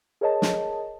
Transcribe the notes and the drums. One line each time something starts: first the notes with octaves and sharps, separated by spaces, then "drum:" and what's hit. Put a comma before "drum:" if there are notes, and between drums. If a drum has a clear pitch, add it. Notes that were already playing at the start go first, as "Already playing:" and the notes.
G#4 A#4 C#5 D#5 A5
drum: snare